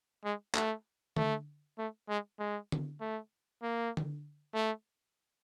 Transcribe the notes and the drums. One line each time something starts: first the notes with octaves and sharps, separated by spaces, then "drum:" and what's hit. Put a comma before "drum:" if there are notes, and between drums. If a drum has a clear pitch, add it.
G#3
A3, drum: clap
A3, drum: tom D3
A3
G#3
G#3
drum: tom D3
A3
A#3
drum: tom D3
A3